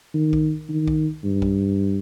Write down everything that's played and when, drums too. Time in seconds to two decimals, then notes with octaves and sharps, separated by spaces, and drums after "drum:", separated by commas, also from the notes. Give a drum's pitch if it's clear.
0.14 D#3
0.33 drum: kick B1
0.69 D#3
0.88 drum: kick B1
1.24 G2
1.42 drum: kick B1